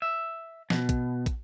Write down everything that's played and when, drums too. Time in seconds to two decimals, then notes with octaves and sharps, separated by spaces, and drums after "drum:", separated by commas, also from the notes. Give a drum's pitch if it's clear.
0.02 E5
0.70 B2, drum: snare
0.89 drum: kick, hi-hat
1.26 drum: kick, hi-hat